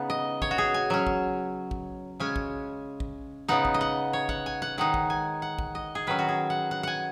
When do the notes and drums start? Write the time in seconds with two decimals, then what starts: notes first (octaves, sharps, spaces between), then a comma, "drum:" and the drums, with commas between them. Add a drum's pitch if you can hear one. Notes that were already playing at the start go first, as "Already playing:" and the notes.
Already playing: C#3 B3 D#4 F#5
0.10 D#5
0.42 C#5, drum: kick
0.51 F#4
0.58 G#4
0.74 G#5
0.90 F#3 C#4
1.07 drum: kick
1.71 drum: kick
2.20 C#3 G#3 C#4 G#5
2.36 drum: kick
3.00 drum: kick
3.48 C#3 B3 D#4 F#5
3.65 drum: kick
3.74 D#5
3.81 F#5
4.13 C#5
4.29 F#5, drum: kick
4.46 G#5
4.62 F#5
4.78 D#3 G#3 D#4 F#5
4.94 drum: kick
5.10 G#5
5.42 F#5
5.59 drum: kick
5.75 D#5
5.95 G#4
6.07 D#3 F#3 C#4 B4
6.19 F#4
6.29 G#4
6.50 F#5
6.71 F#5
6.83 F#5 G#5